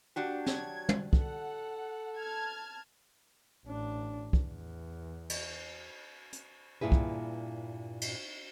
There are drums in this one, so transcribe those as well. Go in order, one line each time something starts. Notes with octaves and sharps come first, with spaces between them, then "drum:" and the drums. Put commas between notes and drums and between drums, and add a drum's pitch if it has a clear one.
A#2 D4 F#4 G4
F#3 G#6, drum: snare
drum: tom
A4 F#5, drum: kick
A5 F6 G#6
A1 D4
E2, drum: kick
drum: cymbal
drum: hi-hat
G2 A#2 E4 G#4 B4
drum: kick
drum: cymbal